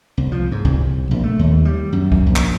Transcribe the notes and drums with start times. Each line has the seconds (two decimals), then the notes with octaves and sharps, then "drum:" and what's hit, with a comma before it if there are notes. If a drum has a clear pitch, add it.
0.17 C2
0.32 F3
0.52 G#2
0.65 C2, drum: kick
1.11 A#1
1.24 A3
1.39 D#2
1.65 G3
1.93 F#2
2.12 drum: kick
2.26 A#1
2.36 drum: clap